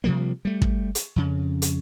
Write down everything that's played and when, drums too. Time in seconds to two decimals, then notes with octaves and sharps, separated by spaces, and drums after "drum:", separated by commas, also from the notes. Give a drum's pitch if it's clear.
0.04 C3 F3 G3 A#3
0.45 G3 A3
0.62 drum: kick
0.95 drum: hi-hat
1.16 F2 C#3
1.62 drum: hi-hat